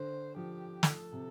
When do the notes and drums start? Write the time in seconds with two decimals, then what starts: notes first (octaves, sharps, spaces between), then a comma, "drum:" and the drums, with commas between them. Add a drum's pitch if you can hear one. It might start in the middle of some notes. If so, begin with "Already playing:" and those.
Already playing: D3 C5
0.36 F3 G4
0.83 A4, drum: snare
1.13 C3